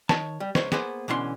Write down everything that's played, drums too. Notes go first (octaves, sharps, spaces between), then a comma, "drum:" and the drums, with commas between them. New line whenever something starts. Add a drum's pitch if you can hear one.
D#3 C#5 A5, drum: snare
G3
C#2 C5 C#5, drum: snare
A#3 B3 G#4 B4 C5, drum: snare
B2 D3 E3 C#4 E4 C6